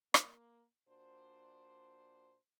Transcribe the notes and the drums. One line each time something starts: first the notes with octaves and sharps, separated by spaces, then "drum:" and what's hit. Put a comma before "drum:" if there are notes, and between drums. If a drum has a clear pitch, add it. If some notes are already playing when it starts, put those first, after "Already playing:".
A#3, drum: rim click
A#2 D4 F#4 C5